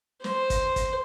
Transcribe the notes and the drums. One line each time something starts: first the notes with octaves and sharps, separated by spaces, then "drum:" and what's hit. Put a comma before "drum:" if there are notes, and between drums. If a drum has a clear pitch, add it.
C5, drum: snare
drum: kick, hi-hat
drum: kick, hi-hat